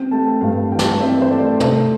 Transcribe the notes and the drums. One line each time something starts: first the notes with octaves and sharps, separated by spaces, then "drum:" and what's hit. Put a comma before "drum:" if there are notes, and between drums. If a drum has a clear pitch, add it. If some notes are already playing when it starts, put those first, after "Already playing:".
Already playing: C4 G5
A3 A5
G2 F5
E3 G5
A5, drum: snare
G5
C4 E5
C5
A3 D5
A3 C5, drum: tom